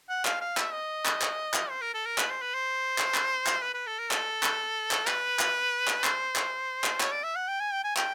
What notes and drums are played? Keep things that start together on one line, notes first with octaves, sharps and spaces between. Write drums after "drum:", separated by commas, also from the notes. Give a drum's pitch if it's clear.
F#5
F5, drum: clap
F5
E5, drum: clap
D#5
drum: clap
drum: clap
drum: clap
C5
A#4
A4
A#4
B4, drum: clap
C5
B4
C5
drum: clap
drum: clap
drum: clap
B4
B4
A4
A#4
A4, drum: clap
drum: clap
drum: clap
B4, drum: clap
drum: clap
drum: clap
C5, drum: clap
drum: clap
drum: clap
C#5, drum: clap
D5
E5
F#5
G5
G#5
G5
G#5
G5, drum: clap